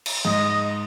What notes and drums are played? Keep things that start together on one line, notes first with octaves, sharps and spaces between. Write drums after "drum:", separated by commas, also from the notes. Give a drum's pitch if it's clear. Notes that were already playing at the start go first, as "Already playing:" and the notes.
drum: cymbal
G#2 D#5